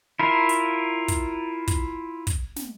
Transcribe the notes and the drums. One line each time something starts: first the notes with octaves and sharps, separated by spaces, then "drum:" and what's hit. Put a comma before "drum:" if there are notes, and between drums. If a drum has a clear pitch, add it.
E4 F4 A#4
drum: hi-hat
drum: kick, hi-hat
drum: kick, hi-hat
drum: kick, hi-hat
drum: snare